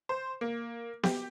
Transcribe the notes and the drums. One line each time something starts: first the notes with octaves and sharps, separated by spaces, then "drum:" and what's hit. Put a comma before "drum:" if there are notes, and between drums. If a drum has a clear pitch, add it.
C5
A#3
G4, drum: snare B3